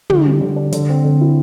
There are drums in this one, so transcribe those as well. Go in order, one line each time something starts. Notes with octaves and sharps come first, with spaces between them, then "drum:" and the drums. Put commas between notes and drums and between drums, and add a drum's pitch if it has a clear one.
D3, drum: tom
G3
D3
D4
D3, drum: hi-hat
C4
D3
E4